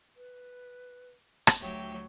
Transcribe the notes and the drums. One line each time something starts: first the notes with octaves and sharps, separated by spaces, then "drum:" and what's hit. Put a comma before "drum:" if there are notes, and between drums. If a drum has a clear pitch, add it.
B4
drum: rim click
D2 F#3 G4 E5 G5